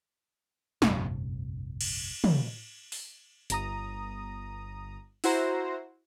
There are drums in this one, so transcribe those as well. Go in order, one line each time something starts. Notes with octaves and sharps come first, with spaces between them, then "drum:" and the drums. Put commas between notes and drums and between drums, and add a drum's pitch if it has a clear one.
F1 A#1 G2 C3, drum: snare
drum: cymbal
drum: tom
drum: open hi-hat
G1 A#5 D#6, drum: hi-hat
E4 F#4 C5 A#5, drum: open hi-hat